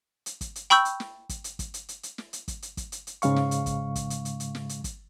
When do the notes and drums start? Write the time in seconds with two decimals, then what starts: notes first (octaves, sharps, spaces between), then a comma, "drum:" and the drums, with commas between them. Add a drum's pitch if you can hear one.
0.26 drum: hi-hat
0.41 drum: kick, hi-hat
0.56 drum: hi-hat
0.70 G5 B5 C#6 E6 G6, drum: hi-hat
0.85 drum: hi-hat
1.00 drum: snare
1.29 drum: kick, hi-hat
1.44 drum: hi-hat
1.59 drum: kick, hi-hat
1.74 drum: hi-hat
1.89 drum: hi-hat
2.03 drum: hi-hat
2.18 drum: snare
2.33 drum: hi-hat
2.48 drum: kick, hi-hat
2.62 drum: hi-hat
2.77 drum: kick, hi-hat
2.92 drum: hi-hat
3.07 drum: hi-hat
3.22 G#2 C#3 G#3 F5 C#6, drum: hi-hat
3.36 drum: snare
3.51 drum: hi-hat
3.66 drum: kick, hi-hat
3.95 drum: kick, hi-hat
4.10 drum: hi-hat
4.25 drum: hi-hat
4.40 drum: hi-hat
4.55 drum: snare
4.69 drum: hi-hat
4.84 drum: kick, hi-hat